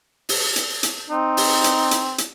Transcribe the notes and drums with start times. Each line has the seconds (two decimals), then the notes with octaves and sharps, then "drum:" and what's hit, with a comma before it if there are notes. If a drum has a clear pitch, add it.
0.29 drum: open hi-hat
0.56 drum: hi-hat
0.83 drum: hi-hat
1.10 C4 D#4
1.37 drum: open hi-hat
1.64 drum: hi-hat
1.91 drum: hi-hat
2.18 drum: hi-hat